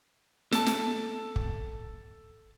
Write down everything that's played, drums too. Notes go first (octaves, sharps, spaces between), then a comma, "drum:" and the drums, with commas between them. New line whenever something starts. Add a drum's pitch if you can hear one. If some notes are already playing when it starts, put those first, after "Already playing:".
A4 A5, drum: snare
drum: snare
drum: kick